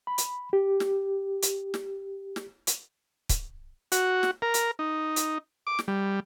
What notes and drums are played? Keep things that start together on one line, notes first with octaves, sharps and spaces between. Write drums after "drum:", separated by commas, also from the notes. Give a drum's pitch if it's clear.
B5
drum: hi-hat
G4
drum: snare
drum: hi-hat
drum: snare
drum: snare
drum: hi-hat
drum: kick, hi-hat
F#4, drum: hi-hat
drum: snare
A#4
drum: hi-hat
D#4
drum: hi-hat
D6
drum: snare
G3